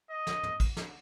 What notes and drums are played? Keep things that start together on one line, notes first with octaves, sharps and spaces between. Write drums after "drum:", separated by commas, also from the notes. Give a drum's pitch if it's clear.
D#5
drum: snare
drum: tom
drum: kick, cymbal
drum: snare